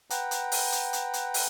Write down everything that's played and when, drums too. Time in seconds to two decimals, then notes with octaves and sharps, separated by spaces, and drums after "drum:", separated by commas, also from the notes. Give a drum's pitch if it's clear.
0.10 B4 F#5 G5 A#5, drum: hi-hat
0.31 drum: hi-hat
0.52 drum: open hi-hat
0.72 drum: hi-hat
0.93 drum: hi-hat
1.13 drum: hi-hat
1.34 drum: open hi-hat